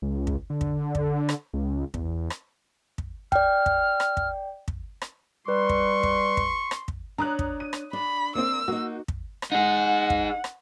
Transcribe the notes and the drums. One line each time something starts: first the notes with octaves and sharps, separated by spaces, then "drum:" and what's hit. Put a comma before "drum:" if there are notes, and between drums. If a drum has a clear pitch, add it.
C#2
drum: kick
D3
drum: kick
drum: kick
drum: rim click
C#2
E2, drum: kick
drum: rim click
drum: kick
D5 G5 F6, drum: kick
drum: kick
drum: rim click
drum: kick
drum: kick
drum: rim click
G3 B4 C6 C#6
drum: kick
drum: kick
drum: kick
drum: rim click
drum: kick
D4 C#5 A#5 D#6 F#6
drum: kick
D#7
drum: rim click
D4 B5
A#3 C4 C5 D5 E6
A#3 D#4 F#4
drum: kick
drum: rim click
D#4 G#4 F#5
drum: kick
drum: rim click